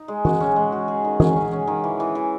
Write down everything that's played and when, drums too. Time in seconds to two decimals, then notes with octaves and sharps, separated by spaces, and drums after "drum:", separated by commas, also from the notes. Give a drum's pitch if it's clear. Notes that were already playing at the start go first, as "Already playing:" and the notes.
Already playing: D#4
0.08 G#3
0.25 F#4, drum: tom E3
0.40 C#4
0.56 G#3
0.72 F#4
0.88 G#4
1.05 D#3
1.20 G#4, drum: tom E3
1.36 C#4
1.52 C#4
1.67 D#3
1.84 E3
2.00 E3
2.15 E3